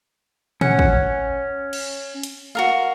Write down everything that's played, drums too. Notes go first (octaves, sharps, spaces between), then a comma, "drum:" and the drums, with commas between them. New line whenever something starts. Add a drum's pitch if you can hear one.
C#4 F#5, drum: tom
drum: kick
drum: cymbal
drum: hi-hat
F#4 A#4 F5